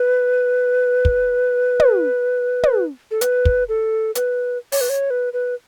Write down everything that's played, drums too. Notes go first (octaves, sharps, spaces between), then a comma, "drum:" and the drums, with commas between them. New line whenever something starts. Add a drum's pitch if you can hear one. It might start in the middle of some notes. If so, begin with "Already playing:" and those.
Already playing: B4
drum: kick
drum: tom
drum: tom
A4
B4, drum: hi-hat
drum: kick
A4
B4, drum: hi-hat
C#5, drum: open hi-hat
B4
C#5
B4
B4